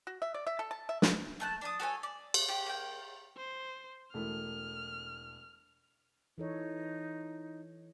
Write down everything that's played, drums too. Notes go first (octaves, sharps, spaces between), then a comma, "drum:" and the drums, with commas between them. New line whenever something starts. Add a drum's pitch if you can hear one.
F#4
E5
D5
E5
A4
A5
E5
B3, drum: snare
A3 A5 F#6
D4 A5 D#6
F#4 A4 C#5 G#5
D5
drum: cymbal
G4
A#3 G5
C5
E1 A3 E4 F6
E3 D#4 A4 C#5